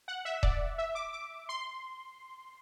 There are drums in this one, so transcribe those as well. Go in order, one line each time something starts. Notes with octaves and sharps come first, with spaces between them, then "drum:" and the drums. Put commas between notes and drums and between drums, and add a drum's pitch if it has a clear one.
F#5
E5
D5, drum: kick D#1
E5
D6
D6
C6